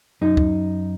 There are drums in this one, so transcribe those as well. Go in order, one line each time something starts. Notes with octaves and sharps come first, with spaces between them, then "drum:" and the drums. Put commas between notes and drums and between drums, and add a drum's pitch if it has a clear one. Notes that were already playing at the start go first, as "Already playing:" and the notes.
F#2 D#4
drum: kick